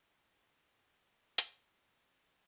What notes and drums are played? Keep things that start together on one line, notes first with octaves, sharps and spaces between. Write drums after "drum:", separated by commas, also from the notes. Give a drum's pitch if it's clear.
B4
A4
drum: hi-hat
G4
G4